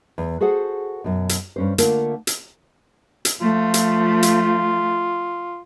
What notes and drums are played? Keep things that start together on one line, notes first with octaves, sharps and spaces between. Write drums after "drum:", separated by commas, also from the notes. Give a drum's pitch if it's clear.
E2
F#4 G#4 A4 C5 F#5
F#2 B2
drum: hi-hat
G2 C#4 C5
D3 A3 A#3 F4 A#4, drum: hi-hat
drum: hi-hat
drum: hi-hat
F3 A3 F4
drum: hi-hat
drum: hi-hat